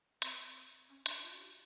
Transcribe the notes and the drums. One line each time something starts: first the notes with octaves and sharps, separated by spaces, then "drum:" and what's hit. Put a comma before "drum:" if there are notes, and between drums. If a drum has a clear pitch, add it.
C4, drum: hi-hat
C#4
D4, drum: hi-hat
F4
F#4
G4